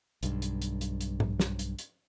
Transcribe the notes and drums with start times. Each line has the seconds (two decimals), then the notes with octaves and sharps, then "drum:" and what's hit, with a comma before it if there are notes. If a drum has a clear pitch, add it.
0.23 B1 G2, drum: hi-hat
0.42 drum: hi-hat
0.62 drum: hi-hat
0.81 drum: hi-hat
1.01 drum: hi-hat
1.20 drum: tom G#2
1.40 drum: snare
1.59 drum: hi-hat
1.79 drum: hi-hat